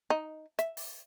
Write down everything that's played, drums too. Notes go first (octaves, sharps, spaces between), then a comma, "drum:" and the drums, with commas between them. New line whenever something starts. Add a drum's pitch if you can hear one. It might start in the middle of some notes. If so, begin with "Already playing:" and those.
D#4
E5, drum: hi-hat
drum: open hi-hat